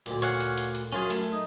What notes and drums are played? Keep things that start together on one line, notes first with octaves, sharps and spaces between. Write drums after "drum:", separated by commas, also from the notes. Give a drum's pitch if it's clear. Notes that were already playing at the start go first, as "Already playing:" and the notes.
D2 A#2, drum: hi-hat
C#5 F5 F#5, drum: hi-hat
drum: hi-hat
drum: hi-hat
drum: hi-hat
F#2 C#4 F4 G#4
A3, drum: hi-hat
D#4